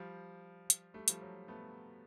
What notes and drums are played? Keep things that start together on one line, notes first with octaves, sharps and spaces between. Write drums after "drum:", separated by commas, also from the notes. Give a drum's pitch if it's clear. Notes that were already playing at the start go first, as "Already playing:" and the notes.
Already playing: F3 G3
drum: hi-hat
G3 A3
F3 G3, drum: hi-hat
F#3
A3 B3